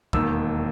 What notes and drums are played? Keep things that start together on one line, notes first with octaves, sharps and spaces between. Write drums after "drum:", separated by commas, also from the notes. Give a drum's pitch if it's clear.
E1 D#2 D#3 E6, drum: kick